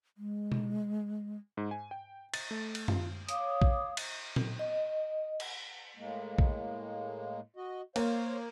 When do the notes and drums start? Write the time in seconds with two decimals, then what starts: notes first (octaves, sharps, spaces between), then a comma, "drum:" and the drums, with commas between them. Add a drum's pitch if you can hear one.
0.18 G#3
0.52 drum: tom B2
1.57 G#2
1.71 G#5
1.91 G5
2.34 A6, drum: cymbal
2.51 A3
2.75 drum: cymbal
2.88 F4, drum: tom F#2
3.29 C#5 F5 D6 D#6, drum: hi-hat
3.62 drum: kick A#1
3.97 drum: cymbal
4.36 drum: tom A#2
4.59 D#5
5.40 drum: cymbal
5.97 A2 G#3 A#3
6.39 drum: kick A#1
7.56 F#4 D#5
7.96 A#3 C5 C#5 F5, drum: cymbal